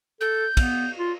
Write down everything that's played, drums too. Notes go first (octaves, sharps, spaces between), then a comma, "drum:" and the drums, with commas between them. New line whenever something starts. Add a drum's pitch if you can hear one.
A4 G6
B3, drum: kick, cymbal
F4